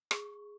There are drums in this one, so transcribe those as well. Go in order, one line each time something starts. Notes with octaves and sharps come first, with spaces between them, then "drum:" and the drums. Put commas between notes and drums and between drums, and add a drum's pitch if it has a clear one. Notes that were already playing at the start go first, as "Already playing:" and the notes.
G#4 C#6, drum: rim click